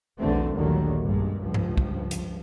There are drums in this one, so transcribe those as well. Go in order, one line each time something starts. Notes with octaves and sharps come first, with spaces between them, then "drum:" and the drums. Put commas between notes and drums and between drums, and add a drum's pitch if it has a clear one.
B1 E2 D3 A3 C4
A#1 D#2 D3 D#3 F#3 A3
B1 G2 A#2 G#3
C#2 G2 F3
drum: tom G2
drum: kick
drum: hi-hat